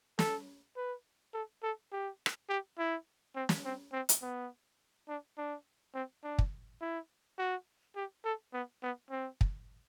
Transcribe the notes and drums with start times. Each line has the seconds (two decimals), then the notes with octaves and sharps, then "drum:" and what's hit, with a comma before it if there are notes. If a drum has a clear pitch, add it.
0.19 A4, drum: snare
0.76 B4
1.34 A4
1.63 A4
1.92 G4
2.26 drum: rim click
2.49 G4
2.78 E4
3.35 C4
3.49 drum: snare
3.65 C4
3.93 C4
4.09 drum: hi-hat
4.22 B3
5.08 D4
5.38 D4
5.94 C4
6.23 D4
6.39 drum: kick
6.81 E4
7.38 F#4
7.96 G4
8.25 A4
8.53 B3
8.83 B3
9.11 C4
9.41 drum: kick